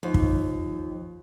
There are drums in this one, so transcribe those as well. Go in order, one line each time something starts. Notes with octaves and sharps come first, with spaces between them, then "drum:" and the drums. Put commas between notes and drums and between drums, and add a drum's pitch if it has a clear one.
D#2 F3 F4 C5
drum: kick